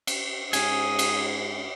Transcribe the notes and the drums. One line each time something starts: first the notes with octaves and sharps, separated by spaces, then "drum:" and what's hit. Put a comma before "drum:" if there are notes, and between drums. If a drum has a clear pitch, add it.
drum: cymbal
G#2 C#4 G#5 D#6, drum: cymbal
drum: cymbal